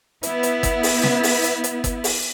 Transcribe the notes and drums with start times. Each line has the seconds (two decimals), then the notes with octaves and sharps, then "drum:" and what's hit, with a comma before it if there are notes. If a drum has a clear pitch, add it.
0.23 B3 E4, drum: hi-hat
0.43 drum: hi-hat
0.63 drum: kick, hi-hat
0.83 drum: open hi-hat
1.03 drum: snare
1.23 drum: open hi-hat
1.44 drum: hi-hat
1.64 drum: hi-hat
1.84 drum: kick, hi-hat
2.04 drum: open hi-hat